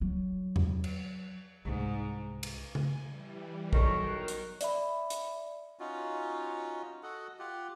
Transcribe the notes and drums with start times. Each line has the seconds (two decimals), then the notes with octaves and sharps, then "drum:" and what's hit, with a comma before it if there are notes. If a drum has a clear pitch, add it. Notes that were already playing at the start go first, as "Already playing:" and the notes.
0.01 F#3
0.56 drum: tom E2
0.84 drum: cymbal
1.65 C2 G#2
2.43 drum: cymbal
2.75 G#5, drum: tom C#3
3.07 E3 G3
3.73 B1 D#3 C#5, drum: kick A#1
4.05 F#6 C7 D7
4.28 drum: hi-hat
4.61 D5 E5 B5, drum: hi-hat
5.10 drum: hi-hat
5.79 C#4 D#4 F4 F#4
7.03 F#4 A4 D#5 F#5
7.39 F4 G4 F#5